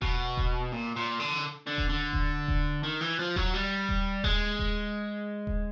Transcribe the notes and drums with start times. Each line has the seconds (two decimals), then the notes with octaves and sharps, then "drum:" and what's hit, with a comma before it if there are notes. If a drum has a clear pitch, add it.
0.02 B2, drum: kick D#1
0.37 drum: kick D#1
0.72 A#2
0.96 A#2
1.20 D3
1.67 D3
1.78 drum: kick D#1
1.89 D3
2.13 drum: kick D#1
2.48 drum: kick D#1
2.84 D#3
3.01 E3
3.19 F3
3.36 F#3, drum: kick D#1
3.54 G3
3.89 drum: kick D#1
4.24 G#3, drum: kick D#1
4.59 drum: kick D#1
5.47 drum: kick D#1